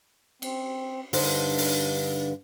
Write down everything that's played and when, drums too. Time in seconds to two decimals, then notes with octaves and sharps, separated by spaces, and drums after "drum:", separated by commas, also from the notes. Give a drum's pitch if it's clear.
0.42 C4, drum: cymbal
1.13 G2 D3 D#4 C5, drum: open hi-hat
1.58 drum: open hi-hat